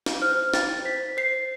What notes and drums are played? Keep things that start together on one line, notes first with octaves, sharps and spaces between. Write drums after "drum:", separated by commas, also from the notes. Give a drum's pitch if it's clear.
drum: snare
C5 F6
G5 A6, drum: snare
C5 B6
C5 C7